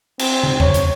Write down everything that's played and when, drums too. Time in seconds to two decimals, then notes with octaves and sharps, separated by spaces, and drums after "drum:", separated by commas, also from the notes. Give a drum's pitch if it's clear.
0.19 C4, drum: cymbal
0.43 drum: tom
0.60 C#5, drum: tom E2
0.74 drum: hi-hat